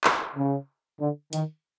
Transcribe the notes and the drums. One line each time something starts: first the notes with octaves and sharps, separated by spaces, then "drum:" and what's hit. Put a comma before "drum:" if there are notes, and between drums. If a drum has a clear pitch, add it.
drum: clap
C#3
D3
D#3, drum: hi-hat